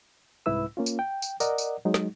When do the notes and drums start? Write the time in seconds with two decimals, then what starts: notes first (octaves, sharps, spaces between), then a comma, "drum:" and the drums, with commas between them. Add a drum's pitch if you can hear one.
0.46 C2 G#2 E4 B4 E6
0.77 A#3 C#4 F4
0.86 drum: tambourine
0.99 G5
1.22 drum: tambourine
1.40 A#4 D5 D#5 F#5, drum: tambourine
1.58 drum: tambourine
1.85 F#3 G#3 D#4
1.94 drum: snare